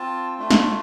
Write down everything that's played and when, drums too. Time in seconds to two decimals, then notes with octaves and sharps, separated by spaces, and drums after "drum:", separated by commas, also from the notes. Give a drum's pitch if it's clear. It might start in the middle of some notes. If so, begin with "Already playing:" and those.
Already playing: C4 F4 A5
0.38 A3 D4 F4
0.50 drum: snare